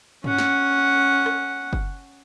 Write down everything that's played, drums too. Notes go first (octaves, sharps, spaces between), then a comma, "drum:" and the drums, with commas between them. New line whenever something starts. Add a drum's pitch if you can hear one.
C#4 F#5, drum: tom G2
drum: snare
drum: rim click
drum: kick F#1